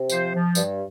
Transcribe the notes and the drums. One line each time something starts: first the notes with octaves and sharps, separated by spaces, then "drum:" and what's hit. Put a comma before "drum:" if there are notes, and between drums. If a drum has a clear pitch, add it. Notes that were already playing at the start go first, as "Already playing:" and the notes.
Already playing: C3
F3 C5, drum: tambourine
F3
G2, drum: tambourine